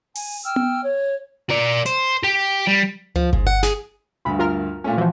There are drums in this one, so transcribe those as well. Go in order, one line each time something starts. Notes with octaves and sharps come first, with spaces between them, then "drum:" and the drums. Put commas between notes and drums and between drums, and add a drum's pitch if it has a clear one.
G#5, drum: open hi-hat
G5 E6 F6
drum: tom B3
C#5
A#4 D5
C5, drum: hi-hat
G4 G5
G3
F3, drum: tom C#2
G#2, drum: kick G1
F#5
G#4, drum: snare
D2 G2 B5
F4 A#4 F6
A#2 A3 C#4
E3 F3 F#4